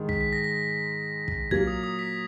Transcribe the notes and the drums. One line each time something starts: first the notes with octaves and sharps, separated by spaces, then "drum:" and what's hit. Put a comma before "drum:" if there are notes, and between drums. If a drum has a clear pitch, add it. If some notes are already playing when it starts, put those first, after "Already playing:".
Already playing: G#2 D#3 G#3
B6, drum: kick
B6
A#6
A#6
drum: kick
A#2 F#3 A#3 G#6, drum: kick
D#6
D#6
B6